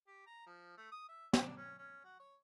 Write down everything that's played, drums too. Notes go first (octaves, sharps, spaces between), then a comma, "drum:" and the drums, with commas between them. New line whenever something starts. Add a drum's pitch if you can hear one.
G4
A#5
F3
A3
D#6
E5
D4, drum: snare
C#4
C#4
F#4
C#5